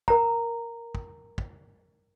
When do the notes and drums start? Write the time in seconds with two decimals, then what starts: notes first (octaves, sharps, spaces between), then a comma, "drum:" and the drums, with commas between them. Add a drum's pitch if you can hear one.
0.08 A#4 A#5, drum: kick
0.95 drum: kick
1.38 drum: kick